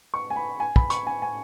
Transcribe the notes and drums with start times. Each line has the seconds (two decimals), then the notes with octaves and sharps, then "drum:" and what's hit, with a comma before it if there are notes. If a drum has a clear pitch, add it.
0.14 C#6
0.30 G#5
0.36 B5
0.60 G#5
0.76 B5, drum: kick
0.90 C#6, drum: hi-hat
1.07 G#5
1.22 G#5